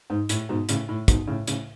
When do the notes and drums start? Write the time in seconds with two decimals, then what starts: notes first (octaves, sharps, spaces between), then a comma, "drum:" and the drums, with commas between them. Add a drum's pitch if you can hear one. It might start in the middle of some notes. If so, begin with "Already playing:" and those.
0.10 G#2
0.29 A2, drum: hi-hat
0.49 G#2 B2
0.69 A2 C#3, drum: hi-hat
0.89 A2
1.08 G#2 B2, drum: kick, hi-hat
1.27 A2 C#3
1.47 A2 C#3, drum: hi-hat